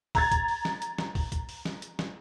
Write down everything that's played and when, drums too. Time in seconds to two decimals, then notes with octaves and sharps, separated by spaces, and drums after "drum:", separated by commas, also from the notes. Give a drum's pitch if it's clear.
0.15 A#5 G#6 A6, drum: kick, open hi-hat
0.32 drum: kick, hi-hat
0.48 drum: open hi-hat
0.65 drum: snare
0.82 drum: hi-hat
0.99 drum: snare
1.15 drum: kick, open hi-hat
1.32 drum: kick, hi-hat
1.49 drum: open hi-hat
1.65 drum: snare
1.82 drum: hi-hat
1.99 drum: snare